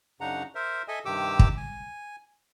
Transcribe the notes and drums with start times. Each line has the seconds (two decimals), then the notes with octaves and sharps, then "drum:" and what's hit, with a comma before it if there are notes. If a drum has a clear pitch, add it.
0.21 F#2 C#3 D4 D#4 F#5 A#5
0.55 A#4 C5 E5
0.88 A4 D#5 E5 G#5
1.05 G2 C3 D#3 G4 D6 E6
1.39 drum: kick
1.57 G#5